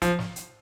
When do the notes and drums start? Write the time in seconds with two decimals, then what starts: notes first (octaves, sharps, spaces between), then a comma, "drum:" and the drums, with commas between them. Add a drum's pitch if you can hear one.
0.02 F3, drum: kick, hi-hat
0.19 drum: snare
0.36 drum: hi-hat